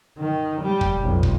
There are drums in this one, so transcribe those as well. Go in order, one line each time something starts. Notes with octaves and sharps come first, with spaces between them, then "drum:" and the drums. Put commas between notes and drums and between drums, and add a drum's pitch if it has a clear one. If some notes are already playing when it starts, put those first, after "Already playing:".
D#3
G3
drum: kick
B1 F2
drum: kick